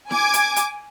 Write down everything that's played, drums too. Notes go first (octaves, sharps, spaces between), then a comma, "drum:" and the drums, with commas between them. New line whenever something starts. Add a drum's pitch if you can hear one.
G#5 D6 G#6, drum: snare E4
drum: hi-hat
drum: hi-hat